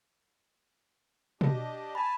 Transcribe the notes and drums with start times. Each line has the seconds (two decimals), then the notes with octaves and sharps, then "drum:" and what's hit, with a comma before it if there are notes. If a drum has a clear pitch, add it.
1.41 D4 G4 D#5, drum: tom B2
1.95 G#5 A5 B5